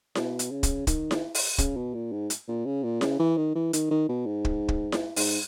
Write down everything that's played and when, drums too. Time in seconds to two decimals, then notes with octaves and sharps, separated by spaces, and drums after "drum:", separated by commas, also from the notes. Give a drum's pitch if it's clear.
0.15 B2, drum: snare E4
0.39 drum: hi-hat
0.51 C#3
0.63 drum: kick, hi-hat
0.87 D#3, drum: kick, hi-hat
1.11 drum: snare E4
1.35 drum: open hi-hat
1.58 C#3, drum: kick, hi-hat
1.76 B2
1.94 A#2
2.12 G#2
2.30 drum: hi-hat
2.48 A#2
2.66 C#3
2.83 A#2
3.01 C#3, drum: snare E4
3.19 E3
3.37 D#3
3.55 E3
3.73 D#3, drum: hi-hat
3.91 D#3
4.09 B2
4.26 G#2
4.45 drum: kick
4.68 drum: kick
4.92 drum: snare E4
5.16 G#2, drum: open hi-hat